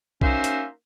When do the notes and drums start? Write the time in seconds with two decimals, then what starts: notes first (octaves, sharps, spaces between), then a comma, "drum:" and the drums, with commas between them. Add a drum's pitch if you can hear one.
0.21 F#3 A#3 C#4 D#4 C5 E5, drum: kick B1
0.44 drum: hi-hat